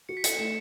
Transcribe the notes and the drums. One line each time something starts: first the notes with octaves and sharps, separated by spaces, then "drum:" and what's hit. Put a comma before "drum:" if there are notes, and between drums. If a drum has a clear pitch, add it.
F#4 C#7
B6
A4 C#7, drum: hi-hat
A3 E7